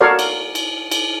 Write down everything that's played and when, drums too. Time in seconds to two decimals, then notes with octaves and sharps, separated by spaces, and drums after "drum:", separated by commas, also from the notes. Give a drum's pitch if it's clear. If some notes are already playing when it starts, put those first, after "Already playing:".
0.01 F#4 A4 A#4 C#5 D5 F5
0.19 drum: cymbal
0.55 drum: cymbal
0.91 drum: cymbal